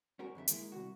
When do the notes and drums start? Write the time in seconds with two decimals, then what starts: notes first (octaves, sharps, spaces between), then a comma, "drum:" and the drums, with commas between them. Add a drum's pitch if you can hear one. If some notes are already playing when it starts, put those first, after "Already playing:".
0.19 C#4 F#4 A#4
0.35 F2 D3 A4 E5
0.48 D#3 G#3 A#3 E4, drum: hi-hat
0.72 C2 F2 F#4